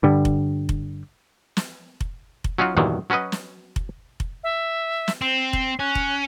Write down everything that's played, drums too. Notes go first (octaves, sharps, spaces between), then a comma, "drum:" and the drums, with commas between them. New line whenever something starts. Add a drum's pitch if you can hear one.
G2 D3 G3
drum: kick F1
drum: kick F1
drum: snare
drum: kick F1
drum: kick F1
F#3 C#4 D#4 F4 F#4
E2 G2 A#2 D#3 E3 F#3
F#3 C#4 F#4 B4 D#5
drum: snare
drum: kick F1
drum: kick F1
E5
drum: snare
C4 C7
C7, drum: kick F1
C#4 F#6
drum: kick F1